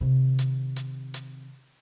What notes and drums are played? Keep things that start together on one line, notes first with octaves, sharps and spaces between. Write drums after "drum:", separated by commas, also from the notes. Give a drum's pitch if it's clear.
C3 D#3
drum: hi-hat
drum: hi-hat
drum: hi-hat